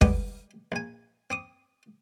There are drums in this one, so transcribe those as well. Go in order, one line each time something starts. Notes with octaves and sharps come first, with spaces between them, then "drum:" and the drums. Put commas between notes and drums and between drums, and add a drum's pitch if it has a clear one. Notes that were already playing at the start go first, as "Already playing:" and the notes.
D3 G3 G#3 B3 G5 D6, drum: kick
A#1 G#5
C4 D6 D#6